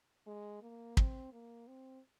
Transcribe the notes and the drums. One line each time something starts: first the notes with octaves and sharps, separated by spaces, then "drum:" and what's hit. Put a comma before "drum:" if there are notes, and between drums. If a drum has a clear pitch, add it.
G#3
A#3
C4, drum: kick
A#3
C4